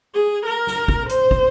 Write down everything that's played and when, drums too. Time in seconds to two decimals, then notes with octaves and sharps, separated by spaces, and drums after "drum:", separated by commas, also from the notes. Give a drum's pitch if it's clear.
0.14 G#4
0.46 A#4
0.67 drum: snare
0.88 drum: kick
1.09 C5, drum: hi-hat
1.31 drum: kick